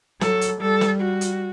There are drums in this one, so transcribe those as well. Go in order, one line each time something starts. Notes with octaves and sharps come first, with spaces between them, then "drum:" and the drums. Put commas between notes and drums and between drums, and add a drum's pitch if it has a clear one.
F#3 A4, drum: snare
drum: hi-hat
G3 A4
drum: snare
F#4
drum: hi-hat